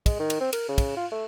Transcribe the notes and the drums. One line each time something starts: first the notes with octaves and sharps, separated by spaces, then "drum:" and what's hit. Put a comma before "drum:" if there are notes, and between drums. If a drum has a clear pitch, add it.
G#3, drum: kick, cymbal
D#3
drum: cymbal
C4
A#4, drum: cymbal
C#3
drum: kick, cymbal
F4
A3